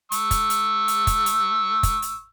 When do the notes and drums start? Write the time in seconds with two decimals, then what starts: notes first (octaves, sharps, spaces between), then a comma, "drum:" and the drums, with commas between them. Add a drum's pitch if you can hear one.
0.12 C#6 E6, drum: hi-hat
0.31 drum: kick, hi-hat
0.50 drum: hi-hat
0.88 drum: hi-hat
1.07 drum: kick, hi-hat
1.26 drum: hi-hat
1.83 drum: kick, hi-hat
2.02 drum: hi-hat